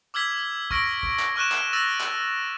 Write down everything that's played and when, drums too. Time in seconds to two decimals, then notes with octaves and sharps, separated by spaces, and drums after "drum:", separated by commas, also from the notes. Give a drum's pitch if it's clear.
0.14 D6 E6 F6 G#6 B6
0.71 C#6 E6 F6 A#6 D7, drum: kick
1.03 drum: kick
1.19 drum: clap
1.36 C#6 F6 F#6 D#7 E7
1.52 drum: clap
1.73 E6 A6 A#6 D#7 F7
2.00 drum: clap